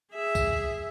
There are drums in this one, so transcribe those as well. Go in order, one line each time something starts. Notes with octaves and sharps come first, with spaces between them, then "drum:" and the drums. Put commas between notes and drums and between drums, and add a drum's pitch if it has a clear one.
G#4 E5
drum: kick C#2, tambourine